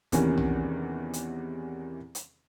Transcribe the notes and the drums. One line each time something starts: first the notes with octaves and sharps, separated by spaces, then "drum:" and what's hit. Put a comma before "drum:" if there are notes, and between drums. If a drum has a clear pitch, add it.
E2 C3 D#3 E3 A#3 C#4, drum: kick, hi-hat
drum: tom B1
drum: hi-hat
drum: hi-hat